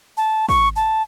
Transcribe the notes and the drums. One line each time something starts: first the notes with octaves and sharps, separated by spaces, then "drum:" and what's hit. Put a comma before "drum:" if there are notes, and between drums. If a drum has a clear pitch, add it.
A5
C#6, drum: kick
A5